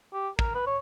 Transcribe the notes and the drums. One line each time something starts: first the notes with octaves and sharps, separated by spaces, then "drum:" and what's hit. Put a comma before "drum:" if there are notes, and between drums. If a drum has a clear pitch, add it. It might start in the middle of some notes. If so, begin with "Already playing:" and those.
G4
A#4, drum: kick
B4
C#5